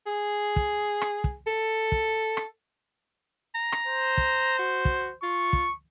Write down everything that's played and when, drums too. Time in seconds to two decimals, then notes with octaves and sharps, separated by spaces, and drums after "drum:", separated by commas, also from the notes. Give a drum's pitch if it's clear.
0.06 G#4
0.56 drum: kick
1.01 drum: rim click
1.24 drum: kick
1.47 A4
1.92 drum: kick
2.37 drum: rim click
3.55 A#5
3.72 drum: rim click
3.87 C5
4.18 drum: kick
4.59 F#4
4.85 drum: kick
5.23 F4 C#6
5.53 drum: kick